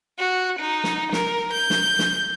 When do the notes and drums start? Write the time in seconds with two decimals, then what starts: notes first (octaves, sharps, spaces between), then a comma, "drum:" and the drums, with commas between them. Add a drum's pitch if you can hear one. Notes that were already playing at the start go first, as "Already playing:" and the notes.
0.19 F#4
0.60 D#4
0.84 drum: snare
1.13 A#4, drum: snare
1.53 G6
1.70 drum: snare
1.99 drum: snare